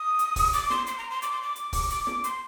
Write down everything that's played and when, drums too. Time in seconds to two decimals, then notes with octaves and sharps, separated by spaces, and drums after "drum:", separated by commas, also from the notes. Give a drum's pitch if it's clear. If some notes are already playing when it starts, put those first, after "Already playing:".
Already playing: D#6
0.19 drum: hi-hat
0.36 drum: kick, open hi-hat
0.53 D6, drum: hi-hat
0.70 C6, drum: snare
0.87 C6, drum: hi-hat
0.98 A#5
1.10 C6
1.22 D6, drum: hi-hat
1.32 C6
1.42 D6
1.56 drum: hi-hat
1.73 drum: kick, open hi-hat
1.90 D6, drum: hi-hat
2.07 drum: snare
2.24 C6, drum: hi-hat